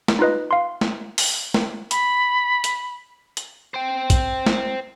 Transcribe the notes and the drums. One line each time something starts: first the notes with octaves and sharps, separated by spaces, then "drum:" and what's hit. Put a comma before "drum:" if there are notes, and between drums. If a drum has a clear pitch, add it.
drum: snare
D#4 F4 B4 D#5
F5 C6
drum: snare
drum: open hi-hat
drum: snare
B5, drum: hi-hat
drum: hi-hat
drum: hi-hat
C5 G5
drum: kick, hi-hat
drum: snare